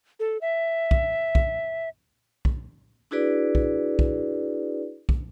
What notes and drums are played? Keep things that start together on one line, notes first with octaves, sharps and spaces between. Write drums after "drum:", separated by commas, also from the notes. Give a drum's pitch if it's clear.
A4
E5
drum: kick
drum: kick
drum: kick
D4 E4 F#4 G#4 B4 D5
drum: kick
drum: kick
drum: kick